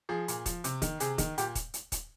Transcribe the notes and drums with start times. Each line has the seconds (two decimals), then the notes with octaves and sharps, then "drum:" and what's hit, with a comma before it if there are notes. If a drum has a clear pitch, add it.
0.09 F3 G#4
0.28 A#2, drum: hi-hat
0.46 F3, drum: kick D#1, hi-hat
0.64 C3, drum: hi-hat
0.82 D#3, drum: kick D#1, hi-hat
1.00 C3 G#4, drum: hi-hat
1.18 D#3, drum: kick D#1, hi-hat
1.38 A#2 G4, drum: hi-hat
1.55 drum: kick D#1, hi-hat
1.74 drum: hi-hat
1.92 drum: kick D#1, hi-hat